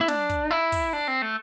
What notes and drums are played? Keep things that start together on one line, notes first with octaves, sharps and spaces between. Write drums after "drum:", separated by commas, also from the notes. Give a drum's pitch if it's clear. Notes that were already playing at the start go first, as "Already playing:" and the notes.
E4
D4, drum: snare
drum: kick, hi-hat
E4
drum: kick, open hi-hat
D4
C4
A3